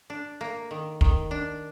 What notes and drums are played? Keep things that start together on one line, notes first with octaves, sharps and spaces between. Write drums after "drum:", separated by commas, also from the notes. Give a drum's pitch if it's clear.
D4
A#3
D#3
D#3, drum: kick
D4